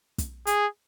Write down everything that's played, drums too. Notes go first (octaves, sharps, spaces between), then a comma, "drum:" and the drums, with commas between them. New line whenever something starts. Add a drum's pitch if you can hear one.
drum: kick, hi-hat
G#4, drum: hi-hat